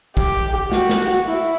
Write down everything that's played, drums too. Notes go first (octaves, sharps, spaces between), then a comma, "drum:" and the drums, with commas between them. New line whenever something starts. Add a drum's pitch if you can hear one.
G4, drum: kick
F#4, drum: snare
drum: snare
E4